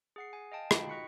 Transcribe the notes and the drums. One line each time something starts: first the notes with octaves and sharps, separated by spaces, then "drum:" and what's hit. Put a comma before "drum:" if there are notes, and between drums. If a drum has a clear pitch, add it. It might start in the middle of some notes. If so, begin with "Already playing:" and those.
G#4 F#5 C7
G#5
D#5 F5 G5 A5
D#4 F4 F#4 D#5 G5 B5, drum: rim click
D#5 C#6 F#6 B6 C#7